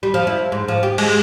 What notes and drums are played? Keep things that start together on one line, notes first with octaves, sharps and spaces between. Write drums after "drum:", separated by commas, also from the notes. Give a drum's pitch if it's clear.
G3
F3
E4
G#2
F3
G4
G#3, drum: cymbal